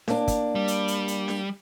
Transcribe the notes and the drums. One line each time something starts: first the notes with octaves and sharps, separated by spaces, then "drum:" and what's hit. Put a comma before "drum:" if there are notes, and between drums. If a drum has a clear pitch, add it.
A#3 D4, drum: snare D4
drum: kick, hi-hat
G3
drum: hi-hat
drum: hi-hat
drum: hi-hat
drum: snare D4